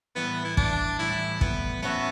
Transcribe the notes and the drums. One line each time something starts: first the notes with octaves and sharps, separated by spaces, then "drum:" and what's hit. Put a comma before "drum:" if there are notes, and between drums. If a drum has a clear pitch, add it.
A2 E3 G3 B3
E4
D4, drum: kick
A2 E3 G3 E4
B3, drum: kick
A3 B3 C#4 F#4 C#5 E5